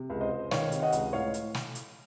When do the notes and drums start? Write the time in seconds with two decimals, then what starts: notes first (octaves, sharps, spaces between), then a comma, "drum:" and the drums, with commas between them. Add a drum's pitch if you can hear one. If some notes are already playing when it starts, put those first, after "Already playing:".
Already playing: C3
0.10 C#2
0.21 C5 D#5
0.31 C#2
0.51 D#3 C#5 F5, drum: snare
0.72 C3, drum: hi-hat
0.82 D#5 F#5
0.92 C#2, drum: hi-hat
1.13 A2 C#5 F5
1.34 drum: hi-hat
1.54 drum: snare
1.75 drum: hi-hat